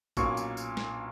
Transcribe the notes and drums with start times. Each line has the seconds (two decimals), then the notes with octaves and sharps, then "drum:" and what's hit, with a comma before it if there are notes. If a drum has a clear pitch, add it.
0.17 B1 A#2 A#3 C#4 C#6, drum: kick G#1, tambourine
0.37 drum: tambourine
0.57 drum: tambourine
0.77 drum: snare